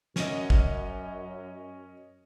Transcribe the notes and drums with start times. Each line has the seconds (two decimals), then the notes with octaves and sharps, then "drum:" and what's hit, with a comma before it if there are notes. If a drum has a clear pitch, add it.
0.16 F#2 C#4 D#5, drum: snare
0.50 drum: kick